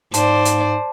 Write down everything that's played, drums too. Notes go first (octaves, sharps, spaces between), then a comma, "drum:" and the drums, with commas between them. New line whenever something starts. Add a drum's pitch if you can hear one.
G#2 C5 D5 A5, drum: hi-hat
drum: hi-hat